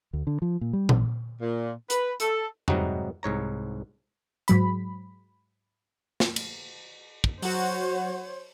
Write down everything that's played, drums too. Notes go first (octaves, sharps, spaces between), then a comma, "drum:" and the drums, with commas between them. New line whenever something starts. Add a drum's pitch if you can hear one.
D2
D3
F3
A#2
G3
A1, drum: tom A#2
A#2
B4, drum: hi-hat
A4, drum: hi-hat
G#2 C3 F#3 G3 D#4 F#4, drum: tom F2
C2 G#2 C#5 A#5
G#2 F#3 B5, drum: hi-hat
drum: snare
drum: cymbal
drum: kick
F#3 F#4 C5 C#5, drum: open hi-hat